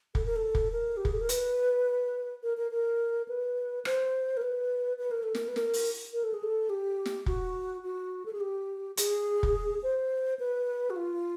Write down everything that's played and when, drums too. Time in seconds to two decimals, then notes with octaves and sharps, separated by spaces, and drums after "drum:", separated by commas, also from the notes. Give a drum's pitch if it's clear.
0.15 A4, drum: kick
0.25 A#4
0.36 A4
0.55 drum: kick
0.72 A#4
0.97 G4
1.05 G#4, drum: kick
1.13 A4
1.21 A#4
1.29 B4, drum: hi-hat
2.43 A#4
2.57 A#4
2.71 A#4
3.28 B4
3.85 C5, drum: rim click
4.37 A#4
4.42 B4
4.99 B4
5.11 A#4
5.23 A4
5.35 A#4, drum: snare
5.48 B4
5.56 A#4, drum: snare
5.73 drum: open hi-hat
6.13 A#4
6.23 A4
6.34 G#4
6.43 A4
6.70 G4
7.06 drum: snare
7.26 F#4, drum: kick
7.83 F#4
8.25 A4
8.33 G#4
8.40 G4
8.97 G#4, drum: hi-hat
9.43 drum: kick
9.83 C5
10.39 B4
10.90 F#4
10.96 F4